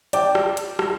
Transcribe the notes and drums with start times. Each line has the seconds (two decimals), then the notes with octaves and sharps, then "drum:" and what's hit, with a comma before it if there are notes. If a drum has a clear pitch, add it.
0.13 D5 G5 D6, drum: hi-hat
0.35 drum: rim click
0.57 drum: hi-hat
0.79 drum: rim click